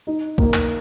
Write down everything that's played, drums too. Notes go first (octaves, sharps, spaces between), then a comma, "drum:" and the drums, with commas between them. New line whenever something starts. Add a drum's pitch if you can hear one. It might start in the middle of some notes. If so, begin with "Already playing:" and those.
D#4
A#3, drum: kick
drum: clap